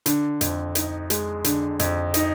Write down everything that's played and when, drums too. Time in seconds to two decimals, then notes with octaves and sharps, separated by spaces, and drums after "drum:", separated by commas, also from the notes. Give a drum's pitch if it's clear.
0.06 D3, drum: hi-hat
0.41 F2, drum: hi-hat
0.75 D#4, drum: hi-hat
1.10 G#3, drum: hi-hat
1.44 D3, drum: hi-hat
1.79 F2, drum: hi-hat
2.14 D#4, drum: hi-hat